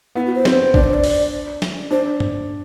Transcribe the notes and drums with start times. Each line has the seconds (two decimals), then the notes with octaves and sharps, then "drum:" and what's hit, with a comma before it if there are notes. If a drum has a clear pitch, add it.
0.15 B3 E4
0.26 F#4
0.35 C5
0.45 C4, drum: snare
0.74 D4 D5, drum: kick
0.84 C5
0.94 D5
1.04 drum: open hi-hat
1.62 drum: snare
1.91 D4 C5
2.20 drum: tom G2